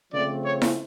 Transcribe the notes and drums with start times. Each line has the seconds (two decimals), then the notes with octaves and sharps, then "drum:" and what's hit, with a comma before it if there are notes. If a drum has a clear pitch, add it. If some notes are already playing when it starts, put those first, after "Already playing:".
0.12 C#3 F3 A3 C4 D5
0.44 C#5
0.62 drum: snare E4